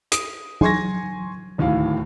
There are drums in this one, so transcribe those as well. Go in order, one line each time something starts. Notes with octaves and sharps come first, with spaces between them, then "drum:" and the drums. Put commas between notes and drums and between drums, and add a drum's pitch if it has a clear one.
D#6, drum: hi-hat
G#5 C6 C#6 G#6 A#6, drum: tom
D1 D#2 A2 D#3 F5